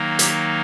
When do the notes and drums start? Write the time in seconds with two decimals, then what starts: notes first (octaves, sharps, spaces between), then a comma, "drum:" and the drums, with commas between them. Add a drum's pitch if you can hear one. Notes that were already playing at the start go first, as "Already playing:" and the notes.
Already playing: D#3 F#3 A#3 D#4
0.19 G4, drum: hi-hat